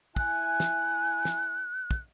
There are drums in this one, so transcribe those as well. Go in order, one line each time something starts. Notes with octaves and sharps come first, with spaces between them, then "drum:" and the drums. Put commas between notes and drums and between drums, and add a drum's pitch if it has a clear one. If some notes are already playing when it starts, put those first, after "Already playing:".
E4 G#5 F#6, drum: kick
drum: snare
drum: snare
drum: kick